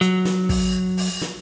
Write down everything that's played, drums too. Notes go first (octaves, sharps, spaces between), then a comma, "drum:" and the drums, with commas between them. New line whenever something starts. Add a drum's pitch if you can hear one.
F#3, drum: hi-hat
drum: snare
drum: kick, open hi-hat
drum: open hi-hat
drum: snare